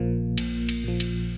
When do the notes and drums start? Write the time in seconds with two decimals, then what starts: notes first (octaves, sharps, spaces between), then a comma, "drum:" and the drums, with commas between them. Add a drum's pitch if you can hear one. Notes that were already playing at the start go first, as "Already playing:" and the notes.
Already playing: A#1 A#2 F3 A#3
0.38 A#1, drum: cymbal
0.69 drum: cymbal
0.84 A#2 F3
1.00 drum: cymbal